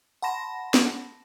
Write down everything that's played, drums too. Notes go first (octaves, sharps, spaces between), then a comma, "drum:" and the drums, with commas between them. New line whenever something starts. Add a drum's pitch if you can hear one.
F#5 A5 B5 C6 A#6 E7
drum: snare